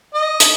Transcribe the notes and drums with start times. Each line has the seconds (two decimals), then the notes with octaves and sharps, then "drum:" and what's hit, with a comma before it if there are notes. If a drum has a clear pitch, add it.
0.15 D#5
0.40 drum: hi-hat